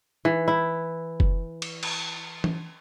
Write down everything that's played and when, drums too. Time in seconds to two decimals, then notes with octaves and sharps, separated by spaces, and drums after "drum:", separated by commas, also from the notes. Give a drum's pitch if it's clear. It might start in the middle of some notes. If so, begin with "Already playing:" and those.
0.25 E3
0.48 E4
1.20 drum: kick F1
1.62 drum: cymbal
1.83 drum: cymbal
2.44 drum: tom